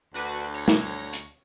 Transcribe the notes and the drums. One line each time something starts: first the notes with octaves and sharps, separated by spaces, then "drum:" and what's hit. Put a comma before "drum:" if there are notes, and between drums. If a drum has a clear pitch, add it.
D2 D4 F#4 B4
C#5 A#6
drum: snare
drum: hi-hat